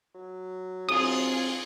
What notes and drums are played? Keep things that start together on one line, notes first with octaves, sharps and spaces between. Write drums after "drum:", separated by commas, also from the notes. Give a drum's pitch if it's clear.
F#3
C4 F4 G#4 D#6, drum: cymbal